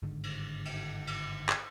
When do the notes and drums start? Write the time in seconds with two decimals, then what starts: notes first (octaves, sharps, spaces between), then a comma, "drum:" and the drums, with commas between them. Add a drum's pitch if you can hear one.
0.02 G1 G#2 D3 D#3
0.23 drum: cymbal
0.65 drum: cymbal
1.07 drum: cymbal
1.49 drum: clap